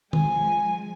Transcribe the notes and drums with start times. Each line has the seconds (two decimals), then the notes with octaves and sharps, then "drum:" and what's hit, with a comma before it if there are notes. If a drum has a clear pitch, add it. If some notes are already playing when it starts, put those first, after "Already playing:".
0.13 F3 G#3 G#5, drum: tom